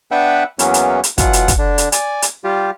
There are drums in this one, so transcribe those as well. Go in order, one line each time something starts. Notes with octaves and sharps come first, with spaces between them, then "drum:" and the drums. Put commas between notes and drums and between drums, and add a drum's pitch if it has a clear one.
B3 D4 B4 E5 F#5 G5
E2 E3 F#3 A#3 B3 C#4, drum: hi-hat
drum: hi-hat
drum: hi-hat
B2 E3 F#3 F4 F#5, drum: kick, hi-hat
drum: hi-hat
drum: kick, hi-hat
D3 D4
drum: hi-hat
D5 G#5, drum: hi-hat
drum: hi-hat
G3 F4 G4